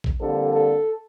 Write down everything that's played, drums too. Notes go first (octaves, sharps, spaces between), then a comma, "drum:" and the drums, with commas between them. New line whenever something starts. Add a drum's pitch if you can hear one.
drum: kick
F2 D3 G3 A#3 A4
A4